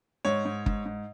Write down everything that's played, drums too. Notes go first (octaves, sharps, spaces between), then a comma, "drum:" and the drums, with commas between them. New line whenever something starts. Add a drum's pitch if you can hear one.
G#2 C#5
G#2
G#2, drum: kick
G#2